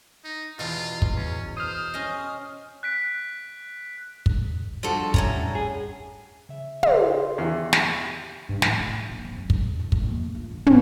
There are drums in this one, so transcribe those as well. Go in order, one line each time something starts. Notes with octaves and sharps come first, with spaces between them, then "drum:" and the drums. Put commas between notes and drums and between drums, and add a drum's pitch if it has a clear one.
D#4
E2 B2 F4
drum: kick
C#4
C5 D#6 F6
C#4 D#5
F#6 B6 D7
drum: kick
F3 G3 D4 F#4 A4
A2 C#4 A#5, drum: kick
G#4
C#3 E5
G#4 G5 C6, drum: tom
E2 G4 C#6 C7
drum: snare
G2
A2, drum: snare
E4
A#1
C4
F#2
drum: kick
A1
A#1, drum: kick
A#3
F4
D3
G#2, drum: tom